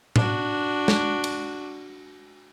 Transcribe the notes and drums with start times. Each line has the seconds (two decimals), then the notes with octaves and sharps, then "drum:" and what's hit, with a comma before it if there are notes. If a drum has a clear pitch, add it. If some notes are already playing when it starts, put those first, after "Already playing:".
0.16 D4 F#4, drum: tom A2
0.88 drum: snare
1.24 drum: cymbal